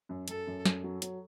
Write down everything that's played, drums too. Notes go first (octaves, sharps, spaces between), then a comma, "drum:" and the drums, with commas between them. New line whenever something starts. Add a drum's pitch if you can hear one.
F#2
F#2 A4, drum: hi-hat
F#2
F#2, drum: snare
F#3
F#3, drum: hi-hat